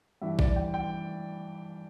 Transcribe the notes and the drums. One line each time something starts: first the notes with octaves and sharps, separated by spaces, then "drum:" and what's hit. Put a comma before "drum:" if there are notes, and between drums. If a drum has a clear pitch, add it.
G2 E3 E5
D5, drum: kick A#1
G5
G5